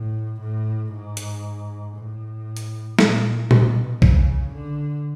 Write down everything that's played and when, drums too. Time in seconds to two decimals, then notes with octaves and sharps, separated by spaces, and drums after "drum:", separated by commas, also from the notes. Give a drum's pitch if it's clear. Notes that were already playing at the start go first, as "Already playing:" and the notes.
Already playing: A2
0.41 A2
0.92 G#2
1.17 drum: hi-hat
1.96 A2
2.57 drum: hi-hat
2.99 A#2, drum: snare
3.51 B2, drum: tom A#2
4.02 C#3, drum: kick
4.53 D3